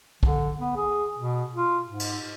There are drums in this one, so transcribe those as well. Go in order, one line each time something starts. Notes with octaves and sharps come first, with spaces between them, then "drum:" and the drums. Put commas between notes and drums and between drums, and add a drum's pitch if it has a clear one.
D3, drum: kick
B3
G#4
B2
F4
G#2
drum: cymbal